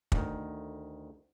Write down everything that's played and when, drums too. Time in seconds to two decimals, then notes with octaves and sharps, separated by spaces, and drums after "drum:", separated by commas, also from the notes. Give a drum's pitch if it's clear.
0.12 D2 D#3, drum: kick